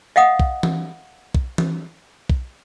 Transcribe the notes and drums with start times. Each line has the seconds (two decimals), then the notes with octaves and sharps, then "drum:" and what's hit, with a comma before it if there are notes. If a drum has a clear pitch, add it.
0.16 D#5 F5 F#5 D#6
0.40 drum: kick
0.63 drum: tom E3
1.35 drum: kick
1.58 drum: tom E3
2.30 drum: kick